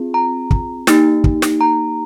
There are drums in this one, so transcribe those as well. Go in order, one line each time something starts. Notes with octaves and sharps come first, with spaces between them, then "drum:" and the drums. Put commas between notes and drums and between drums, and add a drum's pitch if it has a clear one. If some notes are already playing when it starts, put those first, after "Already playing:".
Already playing: C4 F4 G#4
A#5
drum: kick
A#3 D#4 G4, drum: snare
drum: kick
drum: snare
A#5